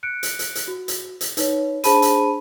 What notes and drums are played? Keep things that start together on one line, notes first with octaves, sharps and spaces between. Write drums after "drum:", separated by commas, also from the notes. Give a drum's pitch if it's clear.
F#6 C#7 D7
drum: hi-hat
drum: hi-hat
drum: hi-hat
F#4
drum: hi-hat
drum: hi-hat
D#4 B4 C#5, drum: hi-hat
D4 G#4 C5 A5 B5 D#7, drum: hi-hat
drum: hi-hat